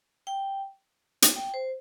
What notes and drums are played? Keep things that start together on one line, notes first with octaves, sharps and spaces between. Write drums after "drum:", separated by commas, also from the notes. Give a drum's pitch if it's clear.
G5
drum: hi-hat
G5
C5